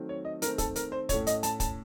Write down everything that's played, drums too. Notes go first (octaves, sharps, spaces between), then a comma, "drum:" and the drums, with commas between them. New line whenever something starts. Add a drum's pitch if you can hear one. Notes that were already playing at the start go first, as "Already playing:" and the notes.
Already playing: D#3 F#3 A3 C4
C#5
D#5
D#3 A3 C4 A#4, drum: hi-hat
A4, drum: kick, hi-hat
A#4, drum: hi-hat
C5
A2 A3 C#4 C#5, drum: kick, hi-hat
D#5, drum: hi-hat
A5, drum: hi-hat
A5, drum: kick, hi-hat